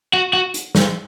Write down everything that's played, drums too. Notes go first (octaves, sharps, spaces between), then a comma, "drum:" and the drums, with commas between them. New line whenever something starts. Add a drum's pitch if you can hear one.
F#4
F#4
drum: hi-hat
drum: snare